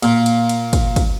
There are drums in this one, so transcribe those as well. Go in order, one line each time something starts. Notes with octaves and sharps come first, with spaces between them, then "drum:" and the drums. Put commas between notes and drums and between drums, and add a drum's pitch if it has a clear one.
A#2, drum: cymbal
drum: cymbal
drum: cymbal
drum: kick, cymbal
drum: kick, cymbal